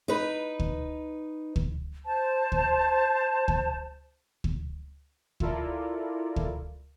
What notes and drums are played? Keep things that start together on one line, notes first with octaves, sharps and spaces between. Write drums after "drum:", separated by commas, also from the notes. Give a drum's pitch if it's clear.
D#4 B4
drum: kick
drum: kick
C5 A5
drum: kick
drum: kick
drum: kick
E4 F4 A4 A#4 D5, drum: kick
drum: kick